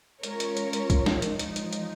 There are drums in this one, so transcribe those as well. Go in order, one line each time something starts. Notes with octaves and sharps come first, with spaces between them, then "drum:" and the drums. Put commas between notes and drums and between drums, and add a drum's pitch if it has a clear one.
G#3 C#4 F4 A#4 C#5, drum: hi-hat
drum: hi-hat
drum: hi-hat
drum: hi-hat
drum: kick, hi-hat
drum: snare
F3 G#3 D#4, drum: hi-hat
drum: hi-hat
drum: hi-hat
drum: hi-hat